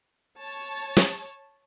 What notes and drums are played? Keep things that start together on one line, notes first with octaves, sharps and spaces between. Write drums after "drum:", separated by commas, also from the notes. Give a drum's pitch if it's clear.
C#5 A5
drum: snare